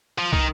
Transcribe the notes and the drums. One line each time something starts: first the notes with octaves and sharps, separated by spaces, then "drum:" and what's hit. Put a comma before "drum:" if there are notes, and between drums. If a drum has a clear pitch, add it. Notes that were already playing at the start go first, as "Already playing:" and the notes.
F3
D#3, drum: kick